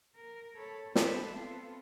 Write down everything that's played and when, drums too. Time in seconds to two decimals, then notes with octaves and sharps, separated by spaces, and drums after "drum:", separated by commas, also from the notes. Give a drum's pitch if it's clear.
0.17 A#4
0.57 A4 C#5 B5
0.95 A4 B4 C5 D5 E5 A5, drum: snare
1.33 B3 C4 F4 A4